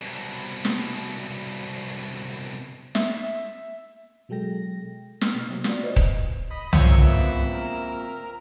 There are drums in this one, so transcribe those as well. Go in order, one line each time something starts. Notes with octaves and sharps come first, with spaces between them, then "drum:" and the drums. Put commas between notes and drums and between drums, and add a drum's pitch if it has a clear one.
C2 B2
drum: snare
E5, drum: snare
B2 F#3 G#3 A4 G5 A#6
E6 F6, drum: snare
B2 F6
C3 F#3 A#3
F4 F#4 D5, drum: snare
B4 C5 D#5
drum: kick D#1
D#5 B5
A#3 C4 F4 C#5 D#5 E5, drum: tom
B3 E4
A#4